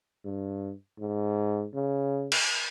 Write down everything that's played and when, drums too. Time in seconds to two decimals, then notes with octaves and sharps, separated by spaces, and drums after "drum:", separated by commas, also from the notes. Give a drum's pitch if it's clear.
0.25 G2
0.99 G#2
1.74 C#3
2.32 drum: cymbal